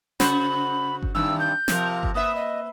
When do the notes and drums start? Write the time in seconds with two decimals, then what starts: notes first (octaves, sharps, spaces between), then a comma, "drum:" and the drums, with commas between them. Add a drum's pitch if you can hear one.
0.20 C#3 F#4 C5 B5, drum: snare
1.02 drum: kick G1
1.15 G2 C3 D#3 E6
1.40 G6
1.68 C3 F3 A#4, drum: snare
2.03 drum: kick G1
2.15 A#3 B4 E5 D#6
2.35 D#5